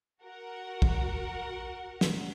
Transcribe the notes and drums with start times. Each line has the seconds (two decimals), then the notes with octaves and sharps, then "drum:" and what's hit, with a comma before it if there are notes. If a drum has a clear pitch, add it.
0.22 F#4 A#4 F#5
0.82 drum: kick
2.01 drum: snare